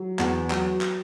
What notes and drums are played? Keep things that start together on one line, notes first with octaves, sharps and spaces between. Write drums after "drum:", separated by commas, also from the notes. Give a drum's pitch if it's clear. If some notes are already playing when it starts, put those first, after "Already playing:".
Already playing: F#3
E2, drum: clap
F#3, drum: clap
drum: clap